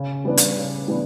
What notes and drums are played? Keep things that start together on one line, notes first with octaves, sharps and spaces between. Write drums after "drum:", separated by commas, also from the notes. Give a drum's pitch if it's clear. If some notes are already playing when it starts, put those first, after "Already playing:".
Already playing: C#3
E3 G3 B3 D4
drum: hi-hat
C#3
E3 G3 B3 D4